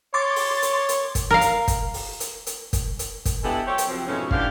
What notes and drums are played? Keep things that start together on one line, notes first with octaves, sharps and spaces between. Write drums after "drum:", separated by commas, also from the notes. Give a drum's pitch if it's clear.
C#5 C6 D6 A6
drum: open hi-hat
drum: hi-hat
drum: hi-hat
drum: kick, hi-hat
A#4 F5
drum: hi-hat
drum: kick, hi-hat
drum: open hi-hat
drum: hi-hat
drum: hi-hat
drum: kick, hi-hat
drum: hi-hat
drum: kick, hi-hat
G#3 B3 D4 E4 G4 A4
F#3 G4 A4 C5 C#5
drum: hi-hat
C3 F3 F#3 C4
F2 G#2 B2 A3 C#4
D3 E3 D4 G4 F5, drum: kick